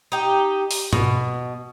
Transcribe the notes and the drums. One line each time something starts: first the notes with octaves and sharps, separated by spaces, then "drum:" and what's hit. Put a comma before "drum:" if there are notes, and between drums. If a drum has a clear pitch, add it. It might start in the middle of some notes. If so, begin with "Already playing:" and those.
D#4 G4
drum: open hi-hat
B2, drum: tom G#2